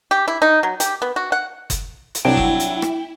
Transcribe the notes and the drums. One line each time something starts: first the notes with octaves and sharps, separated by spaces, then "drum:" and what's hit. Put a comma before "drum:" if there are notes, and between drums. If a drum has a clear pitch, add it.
G4
E4
D#4
F#3
G4, drum: hi-hat
B3
F#4
F#5
drum: kick F#1, hi-hat
drum: hi-hat
C2 F#3 D4 E4 G5
drum: kick F#1
drum: hi-hat
drum: rim click